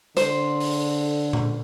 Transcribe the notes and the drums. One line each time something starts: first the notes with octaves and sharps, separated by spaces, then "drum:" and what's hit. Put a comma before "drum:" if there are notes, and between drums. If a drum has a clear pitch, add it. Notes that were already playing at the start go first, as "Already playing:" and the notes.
D3 C5, drum: hi-hat
drum: open hi-hat
drum: tom A#2